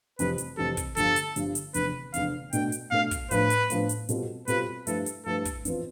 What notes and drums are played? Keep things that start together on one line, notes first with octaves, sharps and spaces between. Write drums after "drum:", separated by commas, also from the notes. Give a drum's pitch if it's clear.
F1 F2 E3 G3 B4, drum: hi-hat
drum: hi-hat
F1 F2 E3 G3 A4
drum: kick, hi-hat
G1 G2 F3 A4, drum: hi-hat
drum: hi-hat
G1 G2 F3, drum: hi-hat
drum: hi-hat
F1 E2 D3 B4, drum: hi-hat
F1 E2 D3 F5, drum: hi-hat
B2 A3 D4 A4 G5, drum: hi-hat
drum: hi-hat
B2 A3 D4 A4 F5
drum: kick, hi-hat
A2 F3 B3 D4 B4, drum: hi-hat
drum: hi-hat
A2 F3 B3 D4, drum: hi-hat
drum: hi-hat
B2 G3 C4 F4 A4, drum: hi-hat
B2 G3 C4 F4 A4 B4, drum: hi-hat
G2 F3 A3 E4 A4 B4, drum: hi-hat
drum: hi-hat
G2 F3 A3 E4 A4 B4
drum: kick, hi-hat
F2 E3 B3 F4, drum: hi-hat